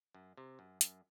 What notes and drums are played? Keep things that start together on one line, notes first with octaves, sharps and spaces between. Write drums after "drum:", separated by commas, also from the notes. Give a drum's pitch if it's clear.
F#2
C3
F#2
F#2, drum: hi-hat